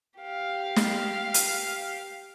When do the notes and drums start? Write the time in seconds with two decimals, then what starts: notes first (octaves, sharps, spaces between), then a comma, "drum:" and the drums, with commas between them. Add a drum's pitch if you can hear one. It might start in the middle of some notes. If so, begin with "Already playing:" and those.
0.19 G4 F5
0.76 drum: snare
1.34 drum: hi-hat